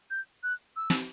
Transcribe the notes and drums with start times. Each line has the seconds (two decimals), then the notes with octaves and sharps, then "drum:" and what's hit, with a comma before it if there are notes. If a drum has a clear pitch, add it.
0.11 G6
0.43 F#6
0.76 E6
0.90 drum: snare